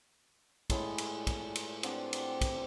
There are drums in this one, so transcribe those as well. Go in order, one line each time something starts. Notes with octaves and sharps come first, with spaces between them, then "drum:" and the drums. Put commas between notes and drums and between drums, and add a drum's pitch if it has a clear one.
A2 G#3 A5 B5, drum: kick, cymbal
drum: cymbal
drum: kick, cymbal
drum: cymbal
C4 D4 G4 F#5, drum: cymbal
drum: cymbal
drum: kick, cymbal